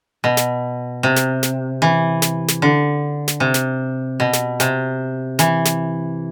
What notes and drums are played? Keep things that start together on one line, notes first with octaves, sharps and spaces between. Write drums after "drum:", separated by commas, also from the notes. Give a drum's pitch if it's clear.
B2
drum: snare
C3
drum: snare
drum: snare
E3
drum: snare
drum: snare
D3
drum: snare
C3
drum: snare
B2
drum: snare
C3, drum: snare
E3, drum: snare
drum: snare